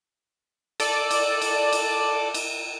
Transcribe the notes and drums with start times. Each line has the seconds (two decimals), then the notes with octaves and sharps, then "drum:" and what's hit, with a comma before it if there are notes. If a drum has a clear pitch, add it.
0.80 A4 D5, drum: cymbal
1.11 drum: cymbal
1.42 drum: cymbal
1.73 drum: cymbal
2.34 drum: cymbal